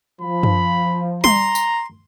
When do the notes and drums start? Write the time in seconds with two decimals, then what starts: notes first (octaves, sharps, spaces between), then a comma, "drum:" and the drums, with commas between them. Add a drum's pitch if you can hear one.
0.22 F3 B5
0.43 drum: tom F#2
1.24 A#5 C6, drum: tom G3
1.55 drum: tambourine